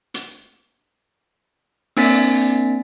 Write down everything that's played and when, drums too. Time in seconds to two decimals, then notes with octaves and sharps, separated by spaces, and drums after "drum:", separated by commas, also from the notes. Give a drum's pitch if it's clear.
0.14 drum: hi-hat
1.97 A#3 C4 D4 G#5 A6 B6, drum: open hi-hat